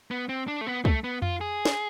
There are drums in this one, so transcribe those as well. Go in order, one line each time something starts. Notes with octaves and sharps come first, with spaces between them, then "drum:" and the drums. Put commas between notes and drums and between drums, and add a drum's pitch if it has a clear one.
B3
C4
D4
A3
B3
A3, drum: kick
B3
F4, drum: tom F2
G#4
drum: snare